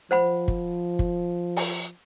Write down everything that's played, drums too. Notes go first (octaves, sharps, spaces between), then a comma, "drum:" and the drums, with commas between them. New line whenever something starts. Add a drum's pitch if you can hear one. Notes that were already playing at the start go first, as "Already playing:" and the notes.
F3 C5 F#5 B5
drum: kick
drum: kick
drum: open hi-hat